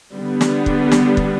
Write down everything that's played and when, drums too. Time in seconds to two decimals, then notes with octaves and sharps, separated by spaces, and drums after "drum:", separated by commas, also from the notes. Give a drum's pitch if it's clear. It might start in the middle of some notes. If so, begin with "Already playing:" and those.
0.16 D3 G3 B3
0.41 drum: snare
0.66 drum: kick
0.92 drum: snare
1.17 drum: kick